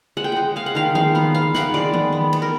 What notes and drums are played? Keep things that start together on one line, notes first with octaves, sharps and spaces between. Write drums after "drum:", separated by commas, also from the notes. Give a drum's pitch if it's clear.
G#3 F#5
G5
G#3 F#5
G#3 F5
F#5
D#3 F5
G#3 F5, drum: tom D#3
B3 F5
B3 F5
D#3 F#5, drum: snare
G#3 D5
B3, drum: tom D#3
B3
B3, drum: cymbal
A#4